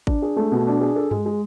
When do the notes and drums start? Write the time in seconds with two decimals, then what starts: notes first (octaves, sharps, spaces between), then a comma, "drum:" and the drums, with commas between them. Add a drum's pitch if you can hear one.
0.07 D4, drum: kick G#1
0.22 G#4
0.37 A3
0.52 B2
0.67 D4
0.81 G#4
0.96 A4
1.11 G#3, drum: tom G2
1.26 G#3